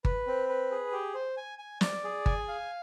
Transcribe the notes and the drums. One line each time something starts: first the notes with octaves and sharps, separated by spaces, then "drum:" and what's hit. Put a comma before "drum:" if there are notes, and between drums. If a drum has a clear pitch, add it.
B4, drum: kick G1
C4
B4
G#4
G4
C5
G#5
G#5
D5, drum: snare
G#4
G#5, drum: kick G1
F5